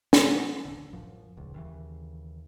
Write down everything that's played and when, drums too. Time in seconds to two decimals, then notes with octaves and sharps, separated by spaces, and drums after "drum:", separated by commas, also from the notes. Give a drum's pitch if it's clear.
0.13 B2 F#3, drum: snare
0.65 D1 A1 D3
0.93 A1 F#2 F3
1.37 D#1 C#2
1.54 D#2 C#3 E3